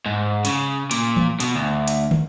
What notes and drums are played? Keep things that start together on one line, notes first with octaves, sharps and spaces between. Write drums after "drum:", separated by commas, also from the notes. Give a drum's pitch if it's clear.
G#2
C#3, drum: hi-hat
A#2, drum: hi-hat
drum: tom E3
B2, drum: hi-hat
D2
drum: hi-hat
drum: tom